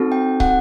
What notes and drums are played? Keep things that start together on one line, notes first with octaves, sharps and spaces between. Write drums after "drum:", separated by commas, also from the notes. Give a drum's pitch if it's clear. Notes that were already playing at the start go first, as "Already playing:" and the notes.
Already playing: C4 D#4 F#4 A4
G5
F#5, drum: kick